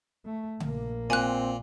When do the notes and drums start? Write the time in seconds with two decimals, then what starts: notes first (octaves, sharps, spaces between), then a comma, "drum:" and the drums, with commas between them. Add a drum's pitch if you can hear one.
0.25 A3
0.60 A#1 A#3, drum: tom C#3
1.10 A#2 C4 G#5 F#6